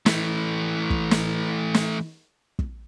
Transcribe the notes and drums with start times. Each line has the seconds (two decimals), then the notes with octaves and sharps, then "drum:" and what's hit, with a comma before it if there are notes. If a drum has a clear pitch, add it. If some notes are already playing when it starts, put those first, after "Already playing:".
0.06 E3 A3, drum: snare
0.90 drum: kick
1.11 drum: snare
1.74 drum: snare
2.59 drum: kick